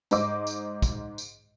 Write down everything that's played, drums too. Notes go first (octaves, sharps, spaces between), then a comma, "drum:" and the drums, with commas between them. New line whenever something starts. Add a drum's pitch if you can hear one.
G#2 C5 D#5 D6, drum: tambourine
drum: tambourine
drum: kick, tambourine
drum: tambourine